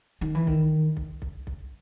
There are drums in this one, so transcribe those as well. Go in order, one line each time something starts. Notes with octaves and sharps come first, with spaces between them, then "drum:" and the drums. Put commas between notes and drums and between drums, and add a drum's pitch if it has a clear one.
D#3
E3
D#3, drum: kick B1
drum: kick B1
drum: kick B1
drum: kick B1